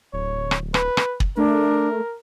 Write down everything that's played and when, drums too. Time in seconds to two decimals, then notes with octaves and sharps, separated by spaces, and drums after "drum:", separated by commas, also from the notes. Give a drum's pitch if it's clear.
0.13 D1 C#5
0.51 drum: rim click
0.74 B4, drum: rim click
0.97 drum: rim click
1.20 drum: kick
1.37 A3 D4 A#4